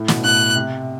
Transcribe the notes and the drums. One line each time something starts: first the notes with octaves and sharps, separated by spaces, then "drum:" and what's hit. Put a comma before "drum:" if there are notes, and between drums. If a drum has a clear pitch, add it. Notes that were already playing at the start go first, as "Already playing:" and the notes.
Already playing: A2
B2, drum: snare
A2 F#6
C3